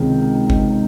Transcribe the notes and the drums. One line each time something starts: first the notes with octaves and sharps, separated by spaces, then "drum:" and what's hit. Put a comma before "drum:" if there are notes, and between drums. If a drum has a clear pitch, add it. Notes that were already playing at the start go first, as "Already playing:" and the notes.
Already playing: C#2 C3 D#3
drum: kick G#1